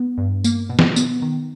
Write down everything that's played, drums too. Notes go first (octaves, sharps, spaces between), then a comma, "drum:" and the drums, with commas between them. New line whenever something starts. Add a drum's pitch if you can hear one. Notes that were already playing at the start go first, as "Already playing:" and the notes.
Already playing: B3
G2
A#3, drum: tambourine
B2
drum: snare
B3, drum: tambourine
D#3